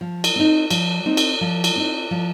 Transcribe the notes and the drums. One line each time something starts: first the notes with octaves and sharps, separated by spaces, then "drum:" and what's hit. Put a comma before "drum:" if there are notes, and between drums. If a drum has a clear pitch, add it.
F3
drum: cymbal
C4 D#4
F3, drum: cymbal
C4 D#4
drum: cymbal
F3
drum: cymbal
C4 D#4
F3